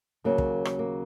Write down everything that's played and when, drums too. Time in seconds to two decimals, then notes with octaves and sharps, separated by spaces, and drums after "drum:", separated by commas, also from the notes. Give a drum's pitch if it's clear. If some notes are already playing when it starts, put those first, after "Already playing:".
0.24 D#2 C#3 F#3 A#3
0.38 drum: kick
0.65 drum: rim click
0.79 A#3